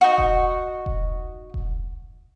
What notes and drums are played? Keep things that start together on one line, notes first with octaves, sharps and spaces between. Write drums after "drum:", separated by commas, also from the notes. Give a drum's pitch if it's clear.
D#4 F#4
drum: kick E1
drum: kick E1
drum: kick E1